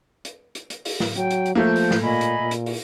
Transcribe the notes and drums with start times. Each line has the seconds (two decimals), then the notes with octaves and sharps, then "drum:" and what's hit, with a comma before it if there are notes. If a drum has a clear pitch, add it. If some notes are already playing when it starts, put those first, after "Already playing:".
0.25 drum: hi-hat
0.55 drum: hi-hat
0.70 drum: hi-hat
0.85 drum: open hi-hat
1.00 drum: snare
1.15 F#3 G5, drum: hi-hat
1.31 drum: hi-hat
1.46 drum: hi-hat
1.55 F3 A3 A#3 G6
1.76 drum: open hi-hat
1.91 drum: snare
2.02 A#2 D#5 G#5 B5
2.21 drum: hi-hat
2.40 A#2
2.51 drum: hi-hat
2.66 drum: open hi-hat